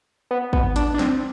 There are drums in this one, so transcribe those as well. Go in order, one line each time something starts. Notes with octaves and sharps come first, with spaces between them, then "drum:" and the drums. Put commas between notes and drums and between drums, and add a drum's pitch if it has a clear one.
B3
B3, drum: kick
D4, drum: hi-hat
D4
C4, drum: snare